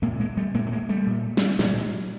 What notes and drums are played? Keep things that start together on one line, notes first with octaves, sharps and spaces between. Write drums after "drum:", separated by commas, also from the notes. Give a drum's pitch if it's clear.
A#2 G#3 A#3
G#3 A#3
G3 A3
A#2 G#3 A#3
A3
G#3 A#3
G3 A3
A#2
drum: snare
A#2 F#3 G#3, drum: snare